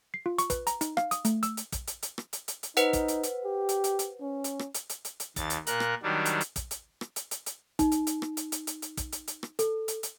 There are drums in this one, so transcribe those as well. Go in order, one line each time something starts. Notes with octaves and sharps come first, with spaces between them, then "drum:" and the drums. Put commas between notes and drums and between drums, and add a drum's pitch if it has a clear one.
C7
F4
C#6, drum: hi-hat
B4, drum: kick, hi-hat
A#5, drum: hi-hat
D#4, drum: hi-hat
F5, drum: rim click
D#6, drum: hi-hat
A3, drum: hi-hat
E6, drum: hi-hat
drum: hi-hat
drum: kick, hi-hat
drum: hi-hat
drum: hi-hat
drum: rim click
drum: hi-hat
drum: hi-hat
drum: hi-hat
D#4 B4 C5 F#5, drum: hi-hat
drum: kick, hi-hat
drum: hi-hat
drum: hi-hat
G4
drum: hi-hat
drum: hi-hat
drum: hi-hat
C#4
drum: hi-hat
drum: rim click
drum: hi-hat
drum: hi-hat
drum: hi-hat
drum: hi-hat
D#2 A6, drum: kick, hi-hat
drum: hi-hat
A#2 A#4 F#6, drum: hi-hat
drum: rim click
D#3 F#3 G3 D4
drum: hi-hat
drum: hi-hat
drum: kick, hi-hat
drum: hi-hat
drum: rim click
drum: hi-hat
drum: hi-hat
drum: hi-hat
D#4, drum: kick, hi-hat
drum: hi-hat
drum: hi-hat
drum: rim click
drum: hi-hat
drum: hi-hat
drum: hi-hat
drum: hi-hat
drum: kick, hi-hat
drum: hi-hat
drum: hi-hat
drum: rim click
A4, drum: hi-hat
drum: hi-hat
drum: hi-hat